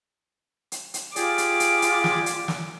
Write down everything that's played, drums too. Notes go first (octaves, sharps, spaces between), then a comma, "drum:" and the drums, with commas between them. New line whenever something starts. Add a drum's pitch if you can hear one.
drum: hi-hat
drum: hi-hat
F4 G4 G#4 D5 D6, drum: hi-hat
drum: hi-hat
drum: hi-hat
drum: hi-hat
drum: snare
drum: hi-hat
drum: snare